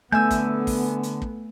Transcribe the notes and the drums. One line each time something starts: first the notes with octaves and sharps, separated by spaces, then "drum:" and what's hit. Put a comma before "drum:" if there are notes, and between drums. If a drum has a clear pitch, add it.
D3 A3 B3 E5 G#5 E6 G6
drum: kick, hi-hat
drum: kick, open hi-hat
drum: hi-hat
drum: kick